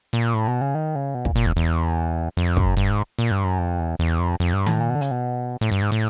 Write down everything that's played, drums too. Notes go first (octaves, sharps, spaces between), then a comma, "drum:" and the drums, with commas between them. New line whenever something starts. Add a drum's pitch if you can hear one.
A#2
A2
B2
C#3
D#3
C#3
B2
A#2, drum: kick
A#2
E2
E2
F2
F#2, drum: kick
G2
G#2
A#2
G2
F#2
F2
E2
E2
F2
F2
G2
A2, drum: tom D#3
A#2
B2
D3
C#3, drum: hi-hat
B2
A2
G2
G#2
A2